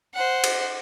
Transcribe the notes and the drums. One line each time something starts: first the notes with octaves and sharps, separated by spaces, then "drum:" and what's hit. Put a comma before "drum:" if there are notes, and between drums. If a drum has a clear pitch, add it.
C5 F#5
drum: cymbal